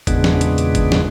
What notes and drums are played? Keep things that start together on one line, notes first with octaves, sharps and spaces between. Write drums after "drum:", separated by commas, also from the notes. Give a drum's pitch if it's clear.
E2 A#2 C#3 G#3 B3 D4, drum: kick G1, hi-hat
drum: snare
drum: hi-hat
drum: hi-hat
drum: kick G1, hi-hat
drum: snare